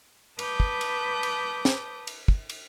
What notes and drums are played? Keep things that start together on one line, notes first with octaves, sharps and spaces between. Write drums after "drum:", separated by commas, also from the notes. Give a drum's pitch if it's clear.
B4 A5 D6 D#6 G6, drum: cymbal
drum: kick
drum: cymbal
drum: cymbal
drum: snare
drum: cymbal
drum: kick
drum: cymbal